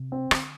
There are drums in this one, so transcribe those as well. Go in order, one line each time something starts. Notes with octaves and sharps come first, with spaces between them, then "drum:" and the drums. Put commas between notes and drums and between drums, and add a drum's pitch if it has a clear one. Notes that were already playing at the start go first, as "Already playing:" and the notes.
Already playing: C3
C4
D3, drum: rim click